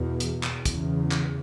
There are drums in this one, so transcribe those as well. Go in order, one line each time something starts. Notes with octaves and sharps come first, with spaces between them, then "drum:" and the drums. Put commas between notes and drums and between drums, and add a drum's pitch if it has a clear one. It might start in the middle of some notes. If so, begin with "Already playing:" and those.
Already playing: E2 B2
drum: hi-hat
drum: clap
E2 C#3, drum: kick, hi-hat
drum: clap